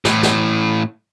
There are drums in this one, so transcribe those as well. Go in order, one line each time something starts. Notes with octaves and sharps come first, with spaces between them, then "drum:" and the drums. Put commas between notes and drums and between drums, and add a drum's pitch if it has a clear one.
A2 E3, drum: snare
drum: snare